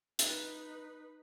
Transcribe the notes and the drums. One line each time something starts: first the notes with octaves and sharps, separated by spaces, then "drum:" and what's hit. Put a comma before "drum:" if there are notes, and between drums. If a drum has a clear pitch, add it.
D#4 B4, drum: hi-hat